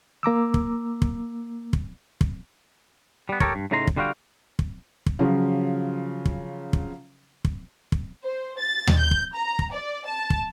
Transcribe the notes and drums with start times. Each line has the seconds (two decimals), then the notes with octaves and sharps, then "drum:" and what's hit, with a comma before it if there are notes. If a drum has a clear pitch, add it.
0.23 A#3 A#5 D6 E6
0.54 drum: kick
1.02 drum: kick
1.73 drum: kick
2.21 drum: kick
3.29 G3 B3
3.40 G4 A4 A#4 C#5, drum: kick
3.55 G2
3.71 A2 C#3 A3 D#4 A#5 C6
3.87 drum: kick
3.96 D3 G3 F4 F#4 F5 G5
4.59 drum: kick
5.06 drum: kick
5.19 C#3 F3 F#3 F4
6.25 drum: kick
6.73 drum: kick
7.45 drum: kick
7.92 drum: kick
8.24 C5
8.60 A6
8.87 drum: tom D#2
9.00 G6
9.11 drum: kick
9.35 A#5
9.59 drum: kick
9.73 D5
10.06 A5
10.30 drum: kick